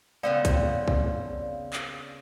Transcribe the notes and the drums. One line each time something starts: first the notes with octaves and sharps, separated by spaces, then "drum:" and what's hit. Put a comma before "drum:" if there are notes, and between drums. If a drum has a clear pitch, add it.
C#3 B3 C4 D5 F5
drum: kick, hi-hat
drum: kick
drum: clap